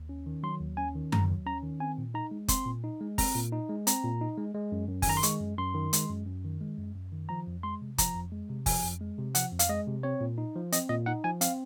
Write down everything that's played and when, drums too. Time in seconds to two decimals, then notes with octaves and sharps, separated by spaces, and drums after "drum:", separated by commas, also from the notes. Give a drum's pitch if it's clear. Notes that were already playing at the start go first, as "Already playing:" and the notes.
Already playing: D#2
0.09 C#4
0.26 D#3
0.43 F#3 C6
0.61 D#2
0.77 C#4 G#5
0.95 D#3
1.12 F#3 A#5, drum: tom F#2
1.29 D#2
1.46 C#4 A#5
1.63 D#3
1.80 C4 G#5
1.98 A#2
2.14 D#4 A#5
2.31 G#3
2.48 C4 C6, drum: kick F#1, hi-hat
2.66 A#2
2.84 D#4
3.01 G#3
3.18 C4 A#5, drum: kick F#1, open hi-hat
3.35 A#2
3.52 D#4
3.69 G#3
3.87 C4 A#5, drum: hi-hat
4.03 A#2
4.21 D#4
4.38 G#3
4.54 G#3
4.72 F#2
4.89 F#2
5.02 G#5, drum: kick F#1, open hi-hat
5.07 D#3 A#5
5.17 C6
5.23 G#3 C#6, drum: hi-hat
5.41 F#2
5.57 F#2 C6
5.75 D#3
5.93 G#3, drum: hi-hat
6.09 F#2
6.26 F#2
6.44 D#3
6.61 G#3
6.77 F#2
6.96 F#2
7.12 D#3
7.29 F3 A#5
7.47 F2
7.63 G#3 C6
7.81 C3
7.98 F3 A#5, drum: kick F#1, hi-hat
8.15 F2
8.32 G#3
8.50 C3
8.66 F3 G#5, drum: kick F#1, open hi-hat
8.84 F2
9.01 G#3
9.18 C3
9.35 F3 F#5, drum: hi-hat
9.52 F2
9.59 F5, drum: hi-hat
9.69 G#3 D#5
9.87 C3
10.03 C4 C#5
10.21 A#2
10.38 D#4
10.55 F3
10.72 C4 D#5, drum: hi-hat
10.89 A#2 D#5
11.06 D#4 F#5
11.24 F3 G#5
11.41 C4 F5, drum: hi-hat